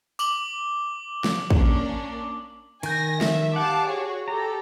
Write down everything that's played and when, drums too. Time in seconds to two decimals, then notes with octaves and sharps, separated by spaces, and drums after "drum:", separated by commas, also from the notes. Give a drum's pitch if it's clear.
0.19 D6 F#7 G7, drum: tambourine
1.24 drum: snare
1.50 A#3 C#4 D4, drum: kick
2.83 D#3 G#5 G6 A#6, drum: cymbal
3.21 E5, drum: snare
3.56 G4 F5 F#5 A5 D6
3.87 F#4 G#4 C#5
4.28 G4 A4 A#5